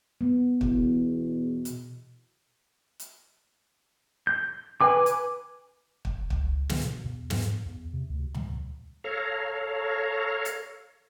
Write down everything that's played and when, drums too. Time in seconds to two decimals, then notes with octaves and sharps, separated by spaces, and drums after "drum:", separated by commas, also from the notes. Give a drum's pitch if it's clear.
0.21 B3
0.61 E2 B2, drum: kick
1.65 drum: hi-hat
3.00 drum: hi-hat
4.27 G6
4.81 B4 G#5 D6
5.06 drum: hi-hat
6.05 drum: kick
6.30 C#2, drum: kick
6.69 D3, drum: snare
6.84 B2
7.04 E2
7.30 G#2, drum: snare
7.66 E2
7.93 C3
8.09 D2
8.35 drum: tom
9.04 A4 C#5 F5 A#5
10.45 drum: hi-hat